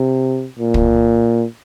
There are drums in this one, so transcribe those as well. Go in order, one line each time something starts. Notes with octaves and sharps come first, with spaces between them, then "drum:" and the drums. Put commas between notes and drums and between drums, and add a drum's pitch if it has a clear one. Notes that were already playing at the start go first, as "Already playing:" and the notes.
Already playing: C3
A#2
drum: kick